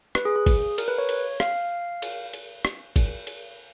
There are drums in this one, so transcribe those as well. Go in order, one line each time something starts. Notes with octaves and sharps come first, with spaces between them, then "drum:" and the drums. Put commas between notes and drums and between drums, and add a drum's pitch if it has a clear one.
B4, drum: rim click
G#4
G#4
drum: kick, cymbal
A#4, drum: cymbal
B4
C#5
drum: cymbal
F5, drum: rim click
drum: cymbal
drum: cymbal
drum: rim click
drum: kick, cymbal
drum: cymbal